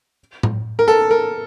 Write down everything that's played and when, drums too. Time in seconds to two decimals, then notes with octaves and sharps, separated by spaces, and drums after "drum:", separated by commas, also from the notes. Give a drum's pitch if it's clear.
0.43 drum: tom A2
0.79 A#4
0.88 A4
1.11 A#4